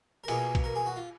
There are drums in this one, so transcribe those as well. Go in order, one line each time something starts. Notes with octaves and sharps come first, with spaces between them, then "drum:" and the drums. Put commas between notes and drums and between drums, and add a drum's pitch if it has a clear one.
A#4
B2 A#3 F4 G#4, drum: cymbal
drum: kick, cymbal
A#4
G#4
F#4
F4